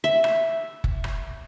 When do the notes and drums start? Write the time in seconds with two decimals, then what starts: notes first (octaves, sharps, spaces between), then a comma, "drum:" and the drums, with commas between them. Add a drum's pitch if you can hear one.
0.04 E5
0.24 drum: rim click
0.84 drum: kick F#1
1.04 drum: rim click